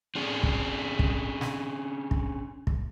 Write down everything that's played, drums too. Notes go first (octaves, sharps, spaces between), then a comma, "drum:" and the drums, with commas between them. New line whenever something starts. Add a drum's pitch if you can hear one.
C4 C#4 G#4 D5
drum: kick
drum: kick
drum: snare
drum: kick
drum: kick